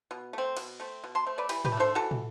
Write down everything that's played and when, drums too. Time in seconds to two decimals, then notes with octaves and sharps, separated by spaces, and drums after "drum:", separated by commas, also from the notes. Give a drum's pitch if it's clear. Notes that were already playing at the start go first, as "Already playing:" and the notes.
0.11 B2
0.33 A3 C4
0.57 B2, drum: cymbal
0.80 A3 C4
1.04 B2
1.15 A5 C6
1.26 A3 C4
1.38 B4 D5
1.49 E3 G4 B4, drum: cymbal
1.65 G4 B4, drum: tom
1.72 A3
1.77 D4 A4 C5
1.95 E3 F#4 A4
2.11 drum: tom